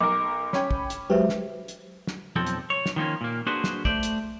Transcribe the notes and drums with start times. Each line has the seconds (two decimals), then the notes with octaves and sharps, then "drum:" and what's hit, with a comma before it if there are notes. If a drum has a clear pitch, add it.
0.01 B1 A#4 D6
0.53 C#4 C#5 G5 B5, drum: snare
0.71 drum: kick
0.90 drum: hi-hat
1.10 F#3 G#3 G4 B4 C5 E5
1.29 drum: snare
1.68 drum: hi-hat
2.07 drum: snare
2.36 B1 F2 F3 C4 A4
2.47 drum: hi-hat
2.70 C#5
2.86 drum: snare
2.96 D#3 F3 A#3 C#4
3.21 A#2 A#3
3.46 A#3 D4 F#4 G#4 B4 C5
3.64 drum: snare
3.85 A3 C5 D5, drum: kick
4.03 drum: hi-hat